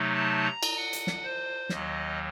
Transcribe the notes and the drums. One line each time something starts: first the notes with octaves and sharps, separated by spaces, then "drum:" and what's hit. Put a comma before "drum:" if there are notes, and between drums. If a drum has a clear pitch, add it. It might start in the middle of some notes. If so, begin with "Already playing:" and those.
Already playing: C3 F#3 A3 D#4
A5
A#5
drum: cymbal
F#5
drum: hi-hat
drum: snare
C5
D#2 D#3 F#3 D#5, drum: snare